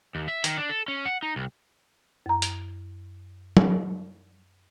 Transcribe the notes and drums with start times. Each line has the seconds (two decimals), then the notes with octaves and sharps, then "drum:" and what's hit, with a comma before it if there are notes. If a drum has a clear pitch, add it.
0.15 D#2
0.28 E5
0.44 D#3, drum: hi-hat
0.57 D4
0.69 A4
0.88 C#4
1.05 F#5
1.23 D#4
1.36 C2
2.26 F#2 A#5
2.42 drum: hi-hat
3.57 drum: tom F#3